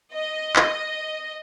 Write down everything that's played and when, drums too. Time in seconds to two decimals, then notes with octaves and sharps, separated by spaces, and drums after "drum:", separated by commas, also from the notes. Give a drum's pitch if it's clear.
0.14 D#5
0.56 drum: clap